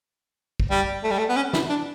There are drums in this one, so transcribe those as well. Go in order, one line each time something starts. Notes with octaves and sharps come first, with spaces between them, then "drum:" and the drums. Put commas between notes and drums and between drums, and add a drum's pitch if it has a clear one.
drum: kick
G3
A3
G3
A3
B3
C#4
E4, drum: snare
D4